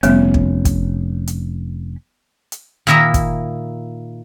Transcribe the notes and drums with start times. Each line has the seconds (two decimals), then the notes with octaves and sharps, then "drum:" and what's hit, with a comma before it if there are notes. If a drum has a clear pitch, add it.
0.03 F1 G3 B3 C#4, drum: hi-hat
0.34 drum: kick
0.65 drum: kick, hi-hat
1.27 drum: hi-hat
2.52 drum: hi-hat
2.87 A#2 D#3 E4 D#5 E5 A#5
3.14 drum: kick, hi-hat